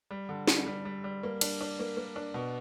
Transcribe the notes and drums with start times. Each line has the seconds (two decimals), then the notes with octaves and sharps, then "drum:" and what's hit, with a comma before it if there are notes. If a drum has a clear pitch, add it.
0.11 G3
0.29 D3
0.48 G3, drum: snare
0.67 G3
0.85 G3
1.04 G3
1.23 A#3
1.41 D4, drum: cymbal
1.61 D4
1.79 A#3
1.97 A#3
2.16 D4
2.34 B2